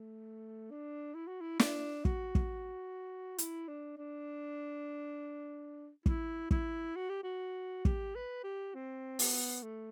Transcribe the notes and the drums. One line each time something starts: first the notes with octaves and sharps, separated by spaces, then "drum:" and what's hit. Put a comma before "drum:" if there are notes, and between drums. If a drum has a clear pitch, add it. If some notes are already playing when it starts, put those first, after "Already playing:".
Already playing: A3
D4
E4
F#4
E4
D4, drum: snare
F#4, drum: kick
drum: kick
E4, drum: hi-hat
D4
D4
E4, drum: kick
E4, drum: kick
F#4
G4
F#4
G4, drum: kick
B4
G4
C4
B3, drum: open hi-hat
A3